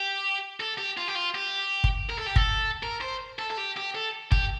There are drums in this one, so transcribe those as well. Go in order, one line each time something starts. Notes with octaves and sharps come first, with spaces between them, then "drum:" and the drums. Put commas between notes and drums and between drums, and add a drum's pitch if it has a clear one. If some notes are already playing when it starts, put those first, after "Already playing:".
Already playing: G4
A4
G4
F4
G4
F4
G4
drum: kick G1
A#4
A4
G4
A4, drum: kick G1
A#4
C5
A4
A4
G4
G4
A4
G4, drum: kick G1